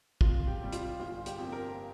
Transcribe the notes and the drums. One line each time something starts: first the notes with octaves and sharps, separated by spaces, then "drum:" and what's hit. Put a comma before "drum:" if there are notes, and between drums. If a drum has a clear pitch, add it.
F2 F4, drum: kick
G4
C3 G3
F4, drum: hi-hat
G1 F4
G4, drum: hi-hat
F2 F3 A#3
A#4